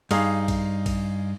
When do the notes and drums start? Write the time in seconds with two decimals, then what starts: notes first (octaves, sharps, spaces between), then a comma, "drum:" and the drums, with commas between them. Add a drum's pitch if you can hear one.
0.11 G2 D#4 G#4 F5, drum: cymbal
0.48 drum: kick A#1, cymbal
0.86 drum: kick A#1, cymbal